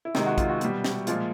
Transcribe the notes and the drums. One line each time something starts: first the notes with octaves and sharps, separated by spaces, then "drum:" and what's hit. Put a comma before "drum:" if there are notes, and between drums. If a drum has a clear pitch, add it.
E4
C3 D#3 G#3 D#4, drum: snare
F#4
F4, drum: kick, hi-hat
F#4
B2 G3, drum: hi-hat
drum: snare
A#2 F3 G#3 F4, drum: hi-hat